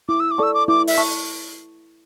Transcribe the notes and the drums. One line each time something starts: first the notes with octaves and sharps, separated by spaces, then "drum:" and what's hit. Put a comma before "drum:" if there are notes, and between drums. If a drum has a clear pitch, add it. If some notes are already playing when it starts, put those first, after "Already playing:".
E4 D6
E6
D6
A4 D5 A5 C#6 E6
D6
E4 D6
E5, drum: open hi-hat
A5 C#6